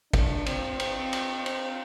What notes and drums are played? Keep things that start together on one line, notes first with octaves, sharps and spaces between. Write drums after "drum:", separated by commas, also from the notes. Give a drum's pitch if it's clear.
D4, drum: kick, cymbal
C4, drum: cymbal
C4, drum: cymbal
drum: cymbal
C4, drum: cymbal